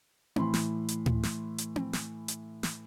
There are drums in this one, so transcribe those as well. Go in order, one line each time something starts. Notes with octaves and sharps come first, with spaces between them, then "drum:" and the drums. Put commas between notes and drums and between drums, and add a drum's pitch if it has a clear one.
A2 E3 B5 C6, drum: tom C4
drum: snare
drum: hi-hat
drum: tom A2
drum: snare
drum: hi-hat
drum: tom C4
drum: snare
drum: hi-hat
drum: snare